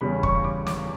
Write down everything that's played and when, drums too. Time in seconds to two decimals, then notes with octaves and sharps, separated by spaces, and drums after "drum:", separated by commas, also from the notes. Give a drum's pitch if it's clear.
0.01 E2 C#3 G3 C#4 B5
0.23 C#6, drum: kick
0.44 D6
0.67 D6, drum: snare